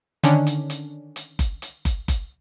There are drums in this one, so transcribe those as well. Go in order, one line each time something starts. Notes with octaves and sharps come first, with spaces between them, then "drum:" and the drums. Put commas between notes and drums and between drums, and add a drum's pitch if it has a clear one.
D3 D#3 C#4 D4, drum: hi-hat
drum: hi-hat
drum: hi-hat
drum: hi-hat
drum: kick F#1, hi-hat
drum: hi-hat
drum: kick F#1, hi-hat
drum: kick F#1, hi-hat